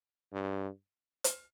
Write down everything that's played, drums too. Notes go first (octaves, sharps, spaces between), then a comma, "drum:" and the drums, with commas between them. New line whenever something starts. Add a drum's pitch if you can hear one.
G2
drum: hi-hat